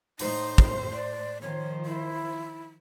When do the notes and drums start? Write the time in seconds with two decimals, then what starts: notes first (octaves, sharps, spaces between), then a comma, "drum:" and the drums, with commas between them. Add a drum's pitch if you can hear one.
0.19 A2 D#4 C5, drum: open hi-hat
0.58 drum: kick
0.92 D5
1.42 D#3 F3 C5 C#5
1.85 E4